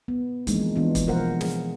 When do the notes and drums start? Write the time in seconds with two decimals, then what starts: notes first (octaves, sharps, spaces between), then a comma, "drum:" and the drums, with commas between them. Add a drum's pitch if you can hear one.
0.08 B3
0.47 E3 F3 G#3 A#3 D4 D#4, drum: hi-hat
0.75 E3 B3 D4 D#4 F4
0.95 drum: kick, hi-hat
1.07 B2 F3 A#4 C5 F5 F#5
1.41 G#4, drum: snare